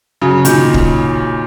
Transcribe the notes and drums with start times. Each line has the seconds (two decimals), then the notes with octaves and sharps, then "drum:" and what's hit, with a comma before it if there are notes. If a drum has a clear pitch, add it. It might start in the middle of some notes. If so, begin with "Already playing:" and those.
0.22 C#3 F#3
0.45 A#2 D#3, drum: hi-hat
0.74 drum: kick